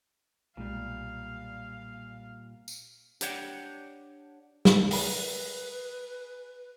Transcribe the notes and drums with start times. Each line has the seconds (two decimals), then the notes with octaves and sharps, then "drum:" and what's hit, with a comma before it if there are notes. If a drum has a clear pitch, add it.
0.57 B1 A#2 G3 G#3 A#3 F5
2.68 drum: tambourine
3.21 D4 G4 C#5 D5 F#5 G5, drum: hi-hat
4.65 drum: snare
4.91 G#4 A#4 B4 B5, drum: open hi-hat